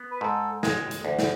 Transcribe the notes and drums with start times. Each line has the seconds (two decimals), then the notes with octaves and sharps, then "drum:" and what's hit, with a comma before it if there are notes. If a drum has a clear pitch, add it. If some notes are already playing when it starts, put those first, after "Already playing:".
Already playing: B3
0.11 B4
0.21 G#2 A4
0.63 G#3, drum: snare
0.91 drum: hi-hat
1.05 D2
1.19 drum: snare